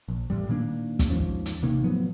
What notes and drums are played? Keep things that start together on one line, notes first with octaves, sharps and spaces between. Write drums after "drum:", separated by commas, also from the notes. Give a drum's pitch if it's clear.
A#1
A1 A2 C#3 G3
A#2 D#3 A#3 D4
drum: kick, hi-hat
D#2 G#2 F3 C#4
drum: hi-hat
A1 C3 D#3 A#3
A2 F3 F#3 B3